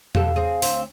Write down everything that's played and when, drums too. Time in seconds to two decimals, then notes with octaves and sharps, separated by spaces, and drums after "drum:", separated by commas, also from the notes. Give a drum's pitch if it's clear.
0.15 B2 G4 A4 F5, drum: tom E2
0.36 C4 G#4
0.62 D2 C4, drum: open hi-hat